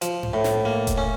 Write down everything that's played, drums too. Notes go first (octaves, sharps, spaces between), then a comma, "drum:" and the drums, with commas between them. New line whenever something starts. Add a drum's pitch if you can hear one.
F3, drum: hi-hat
drum: tom G2
A2
drum: snare
A#3
drum: kick E1, hi-hat
C#4